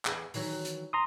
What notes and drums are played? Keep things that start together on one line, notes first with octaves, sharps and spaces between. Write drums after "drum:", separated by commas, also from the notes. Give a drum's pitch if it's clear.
E2 G#4 B4, drum: clap
D#3 E3 F#3, drum: open hi-hat
drum: hi-hat
A#5 C6 D#6